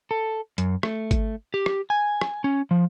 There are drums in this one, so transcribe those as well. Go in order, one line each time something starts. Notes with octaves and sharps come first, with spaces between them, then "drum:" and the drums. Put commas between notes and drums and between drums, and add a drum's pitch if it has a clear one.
A4
F#2, drum: hi-hat
A3, drum: rim click
drum: kick G#1, hi-hat
G4
drum: rim click
G#5
drum: rim click
C#4
F3